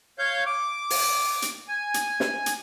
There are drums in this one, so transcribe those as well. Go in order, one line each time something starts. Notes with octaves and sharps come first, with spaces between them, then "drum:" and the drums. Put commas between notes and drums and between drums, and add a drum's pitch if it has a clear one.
C#5 F5 G6
D6
drum: open hi-hat
drum: hi-hat
G#5
drum: hi-hat
drum: snare
drum: hi-hat